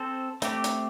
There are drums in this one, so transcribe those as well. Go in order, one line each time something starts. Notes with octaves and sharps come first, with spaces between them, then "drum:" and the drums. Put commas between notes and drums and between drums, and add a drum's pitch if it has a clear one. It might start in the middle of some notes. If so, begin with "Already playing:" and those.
Already playing: C4 A4 C5
A3 C4 G4, drum: hi-hat
drum: hi-hat